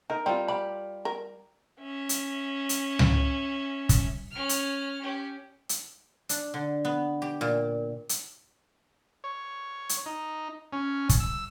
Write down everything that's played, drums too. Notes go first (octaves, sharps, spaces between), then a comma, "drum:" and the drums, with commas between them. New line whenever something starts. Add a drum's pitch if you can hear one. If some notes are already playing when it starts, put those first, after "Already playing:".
D#4 A#4
G3 C4 F4
G4 B5
A#4
C#4 E5
drum: hi-hat
drum: hi-hat
drum: tom C#2
drum: kick, hi-hat
C#4 F6
drum: hi-hat
C#4 G4
drum: hi-hat
D4, drum: hi-hat
D3
B3
G4
A#2
drum: hi-hat
C#5
drum: hi-hat
D#4
C#4
drum: kick, hi-hat
E6